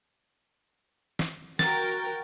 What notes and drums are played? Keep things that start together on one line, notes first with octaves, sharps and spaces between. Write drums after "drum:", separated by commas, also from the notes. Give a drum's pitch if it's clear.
drum: snare
F#4 A#4 G5 A6, drum: snare